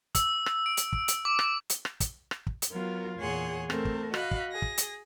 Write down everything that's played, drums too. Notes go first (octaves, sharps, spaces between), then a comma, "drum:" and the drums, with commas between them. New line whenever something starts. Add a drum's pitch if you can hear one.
E6, drum: kick, hi-hat
drum: rim click
D7
drum: hi-hat
drum: kick
drum: hi-hat
D6
drum: rim click
drum: hi-hat
drum: rim click
drum: kick, hi-hat
drum: rim click
drum: kick
drum: hi-hat
F#3 B3 F4 A#4
E2 A#2 G#4 C#5 F#5 C6
A3 C4 A#4 A5, drum: rim click
drum: kick
F#4 D#5 F5 B5 F#6, drum: rim click
drum: kick
G#4 A#6
drum: kick
drum: hi-hat